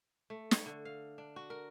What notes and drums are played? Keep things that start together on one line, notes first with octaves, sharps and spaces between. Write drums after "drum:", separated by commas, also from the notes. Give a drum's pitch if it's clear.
A3
C#5, drum: snare
D3
F5
D4
F#4
A#4